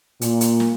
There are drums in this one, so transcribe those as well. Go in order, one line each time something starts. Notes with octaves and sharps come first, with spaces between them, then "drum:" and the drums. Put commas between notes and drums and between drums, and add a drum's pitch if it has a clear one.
A#2, drum: hi-hat
drum: hi-hat
drum: snare